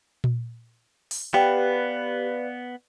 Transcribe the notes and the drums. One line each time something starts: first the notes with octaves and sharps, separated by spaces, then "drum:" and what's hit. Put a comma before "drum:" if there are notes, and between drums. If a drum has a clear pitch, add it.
drum: tom A#2
drum: open hi-hat
B3 G4 B4 D5 F5 G5